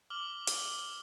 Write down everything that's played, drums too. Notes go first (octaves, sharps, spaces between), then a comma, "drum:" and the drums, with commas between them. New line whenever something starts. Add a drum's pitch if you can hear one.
D6 F6 F#7 G7
drum: hi-hat